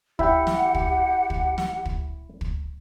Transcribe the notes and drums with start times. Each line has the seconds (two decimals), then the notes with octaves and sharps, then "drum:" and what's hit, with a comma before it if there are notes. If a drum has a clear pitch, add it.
0.19 E4 G4 E5 F#5 G5, drum: kick
0.47 drum: snare
0.74 drum: kick
1.30 drum: kick
1.58 drum: snare
1.85 drum: kick
2.41 drum: kick